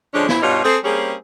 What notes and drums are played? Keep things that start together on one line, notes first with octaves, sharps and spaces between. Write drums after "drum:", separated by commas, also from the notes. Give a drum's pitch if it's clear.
D3 F3 G#3 C#4 D4
E4, drum: snare
G2 B2 G3 D#4 F4 C#5
C4 G#4 A4
G3 A#3 C4 C#4 G#4